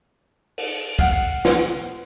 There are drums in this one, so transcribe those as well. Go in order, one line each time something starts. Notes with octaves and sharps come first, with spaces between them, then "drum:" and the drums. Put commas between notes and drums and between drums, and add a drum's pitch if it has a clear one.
drum: open hi-hat
F5 F#5, drum: kick
drum: snare